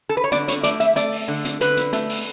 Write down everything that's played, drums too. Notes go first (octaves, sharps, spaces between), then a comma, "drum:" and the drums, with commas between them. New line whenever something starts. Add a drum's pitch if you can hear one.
A4
B4
C#5
D3 D5, drum: hi-hat
C#5, drum: hi-hat
A3 D5, drum: hi-hat
E5, drum: hi-hat
A3 D5, drum: hi-hat
drum: open hi-hat
D3
drum: hi-hat
D3 B4, drum: hi-hat
drum: hi-hat
A3, drum: hi-hat
drum: open hi-hat